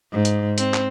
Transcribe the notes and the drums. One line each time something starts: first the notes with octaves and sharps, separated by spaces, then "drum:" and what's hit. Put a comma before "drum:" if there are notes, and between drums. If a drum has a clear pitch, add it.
G#2
drum: hi-hat
C4, drum: hi-hat
drum: clap